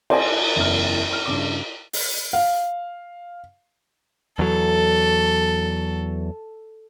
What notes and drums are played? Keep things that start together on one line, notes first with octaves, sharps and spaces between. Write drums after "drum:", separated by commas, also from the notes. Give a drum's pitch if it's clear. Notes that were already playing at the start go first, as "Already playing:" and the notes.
C5 D5 D#5 G#5 A5, drum: cymbal
F#1 E2 E4 F6
F6
G2 C#3 D6
drum: open hi-hat
F5
E2 F#3 A4